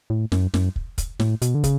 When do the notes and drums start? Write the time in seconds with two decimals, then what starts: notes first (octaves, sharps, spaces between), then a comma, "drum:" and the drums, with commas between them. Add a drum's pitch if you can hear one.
0.10 A2
0.32 F#2, drum: snare
0.54 F#2, drum: snare
0.76 drum: kick
0.98 drum: kick, hi-hat
1.20 A2, drum: snare
1.42 B2, drum: hi-hat
1.55 D3
1.64 C#3, drum: kick, hi-hat